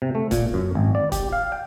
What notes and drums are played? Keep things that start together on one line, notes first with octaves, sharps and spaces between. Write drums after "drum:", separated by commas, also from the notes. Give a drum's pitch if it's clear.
C3
A3
A#2, drum: kick, hi-hat
F#2
G#1
D5
G4, drum: kick, hi-hat
F5
G5